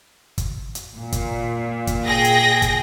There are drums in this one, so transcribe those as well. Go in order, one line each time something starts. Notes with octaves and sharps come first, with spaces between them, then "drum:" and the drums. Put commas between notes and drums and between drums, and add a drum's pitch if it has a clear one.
drum: kick, hi-hat
drum: hi-hat
A#2
drum: kick, hi-hat
drum: kick, hi-hat
G#4 G5 A#6
drum: hi-hat
drum: kick, hi-hat